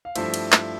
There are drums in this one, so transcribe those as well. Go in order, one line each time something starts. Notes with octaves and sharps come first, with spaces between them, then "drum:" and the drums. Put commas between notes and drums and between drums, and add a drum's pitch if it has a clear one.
F5
G2 F3 A3 E4 C5 E5, drum: cymbal
drum: cymbal
drum: clap